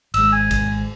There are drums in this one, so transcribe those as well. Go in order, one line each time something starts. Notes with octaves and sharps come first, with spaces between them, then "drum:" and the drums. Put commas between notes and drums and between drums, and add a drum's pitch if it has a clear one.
G#1 G#3 E6, drum: cymbal
G#5
drum: kick G#1, cymbal